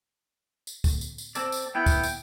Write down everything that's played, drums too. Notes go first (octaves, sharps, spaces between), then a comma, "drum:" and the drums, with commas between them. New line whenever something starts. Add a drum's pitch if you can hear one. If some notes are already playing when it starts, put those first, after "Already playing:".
drum: tambourine
drum: kick, tambourine
drum: tambourine
drum: tambourine
C4 A4 D5, drum: tambourine
drum: tambourine
B3 E4 F#5 G5
drum: kick, tambourine
drum: tambourine